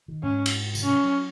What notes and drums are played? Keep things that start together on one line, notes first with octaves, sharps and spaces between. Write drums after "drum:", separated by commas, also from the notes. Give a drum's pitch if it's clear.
D#3
G#2 C#4
drum: cymbal
C#3, drum: tambourine
C3 C#4
F#3
F#3